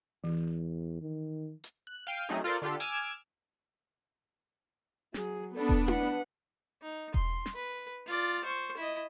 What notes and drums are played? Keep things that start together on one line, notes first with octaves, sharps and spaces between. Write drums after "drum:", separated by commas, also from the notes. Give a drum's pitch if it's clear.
E2 E3
D#3
drum: hi-hat
F#6
F5 G5 D#7
F#3 A3 C4 C#4 D#4 G#4
F4 A4 A#4 C5 D5
D3 D4 F4 G4 A4
G#5 D6 E6 F6 G#6, drum: hi-hat
F#3 G#4, drum: snare
B3 D4 A4
drum: kick E1
B4 F#5, drum: tom E4
D#4
C6, drum: kick E1
drum: snare
B4
F4 D5
C5 C#6
E4 D#5